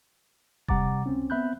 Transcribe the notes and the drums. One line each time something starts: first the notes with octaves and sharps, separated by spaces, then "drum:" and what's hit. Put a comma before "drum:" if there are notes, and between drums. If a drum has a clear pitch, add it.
C3 G3 F#5 A#5 D6 A6, drum: kick E1
C#2 C4 C#4
B3 C4 E5 B5 F#6 G6